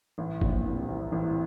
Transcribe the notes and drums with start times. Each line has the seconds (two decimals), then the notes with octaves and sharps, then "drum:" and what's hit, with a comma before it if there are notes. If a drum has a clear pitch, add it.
0.18 A1 A2
0.41 A#1 A#2, drum: kick G1
0.65 C2 C3
0.89 C2 C3
1.12 A1 A2